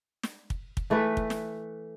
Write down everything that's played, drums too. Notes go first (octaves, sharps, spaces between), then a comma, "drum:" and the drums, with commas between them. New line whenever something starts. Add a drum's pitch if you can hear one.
drum: snare
drum: kick
drum: kick
E3 A3 A4 B4
drum: kick
drum: snare